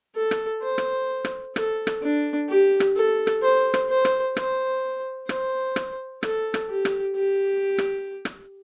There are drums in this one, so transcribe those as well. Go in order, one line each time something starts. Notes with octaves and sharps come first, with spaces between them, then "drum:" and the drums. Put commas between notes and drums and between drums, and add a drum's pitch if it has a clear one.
A4
drum: rim click
C5
drum: rim click
drum: rim click
A4, drum: rim click
drum: rim click
D4
G4
drum: rim click
A4
drum: rim click
C5
drum: rim click
C5
drum: rim click
C5, drum: rim click
C5, drum: rim click
drum: rim click
A4, drum: rim click
drum: rim click
G4
drum: rim click
G4
drum: rim click
drum: rim click